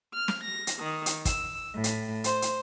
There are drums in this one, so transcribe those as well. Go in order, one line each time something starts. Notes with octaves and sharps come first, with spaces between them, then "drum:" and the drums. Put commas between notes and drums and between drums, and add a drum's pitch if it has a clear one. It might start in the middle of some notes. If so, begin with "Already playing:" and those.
F6
drum: snare
A#6
drum: hi-hat
D#3
drum: hi-hat
E6, drum: kick, hi-hat
A2
drum: hi-hat
C5, drum: hi-hat
drum: hi-hat